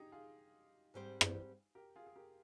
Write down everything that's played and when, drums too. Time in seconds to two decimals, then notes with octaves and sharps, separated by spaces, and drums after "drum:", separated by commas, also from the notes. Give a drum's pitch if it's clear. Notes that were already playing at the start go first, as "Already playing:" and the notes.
Already playing: D#4 G4 G#4
0.12 F4 G#4
0.94 G#2 G3 C4 G4 C5
1.21 drum: rim click
1.75 G4 A#4
1.96 F4 G#4
2.06 G#4
2.16 G4 A#4